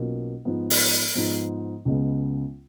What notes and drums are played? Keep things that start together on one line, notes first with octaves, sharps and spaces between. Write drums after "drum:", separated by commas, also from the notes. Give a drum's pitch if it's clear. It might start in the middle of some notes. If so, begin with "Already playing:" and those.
Already playing: B1 B2 A#3 C#4 F4
G#2 F3 B3
drum: open hi-hat
G#2 F3 B3
C#2 C#3 G#3 B3